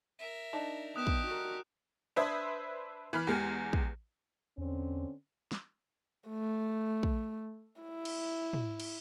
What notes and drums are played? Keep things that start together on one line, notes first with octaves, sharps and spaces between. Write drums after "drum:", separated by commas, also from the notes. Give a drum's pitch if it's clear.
A#4 E5
D4 D#4 A5
B3 G4 D#6 F#6 E7
drum: kick
F#4 A#4
D4 B4 C5 E5 D#6 G#6
E3 B5 F6
E2 G#3 G4 G#4
drum: kick
E2 D3 C4 C#4
drum: snare
A3
drum: kick
E4
drum: cymbal
drum: tom
drum: cymbal